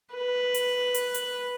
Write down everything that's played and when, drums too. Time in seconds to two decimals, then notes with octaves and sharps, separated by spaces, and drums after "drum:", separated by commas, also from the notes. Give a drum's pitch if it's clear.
0.14 B4
0.54 drum: hi-hat
0.94 drum: hi-hat
1.14 drum: hi-hat